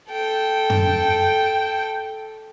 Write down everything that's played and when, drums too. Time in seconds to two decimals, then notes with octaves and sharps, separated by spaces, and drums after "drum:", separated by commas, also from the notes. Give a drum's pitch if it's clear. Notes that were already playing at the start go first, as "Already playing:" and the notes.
0.11 A4 G5
0.70 drum: tom